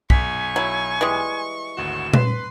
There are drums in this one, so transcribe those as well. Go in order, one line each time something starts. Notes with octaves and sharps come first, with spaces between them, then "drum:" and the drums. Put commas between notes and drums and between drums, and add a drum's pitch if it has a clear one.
B1 G#5 C#6 B6, drum: kick
F#3 E4
E3 G3 G#3
G#1 D2 F#4 E7
B4 C6, drum: tom A#2